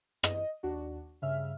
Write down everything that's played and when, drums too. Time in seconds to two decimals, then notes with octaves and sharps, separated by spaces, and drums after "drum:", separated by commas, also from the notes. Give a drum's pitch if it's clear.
0.23 D#5, drum: rim click
0.63 D#2 D4 F#4
1.22 G2 C#3 E5 F6